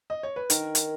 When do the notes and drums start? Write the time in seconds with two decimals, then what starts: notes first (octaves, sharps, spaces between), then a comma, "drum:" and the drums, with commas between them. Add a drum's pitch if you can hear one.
0.10 D#5
0.23 C#5
0.36 B4
0.50 D#3 A#4, drum: hi-hat
0.75 drum: hi-hat